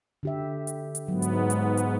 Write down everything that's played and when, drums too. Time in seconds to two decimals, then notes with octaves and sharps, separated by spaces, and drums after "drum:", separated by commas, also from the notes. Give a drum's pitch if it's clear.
0.23 D3 G4 E5
0.67 drum: hi-hat
0.95 drum: hi-hat
1.08 G#2 F#3 G#3 B3
1.22 drum: hi-hat
1.50 drum: hi-hat
1.77 drum: hi-hat